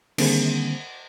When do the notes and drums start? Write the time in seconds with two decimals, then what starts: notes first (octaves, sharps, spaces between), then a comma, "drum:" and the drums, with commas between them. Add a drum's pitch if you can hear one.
0.18 D3 D#3 G3 A#3 C4 G#4, drum: cymbal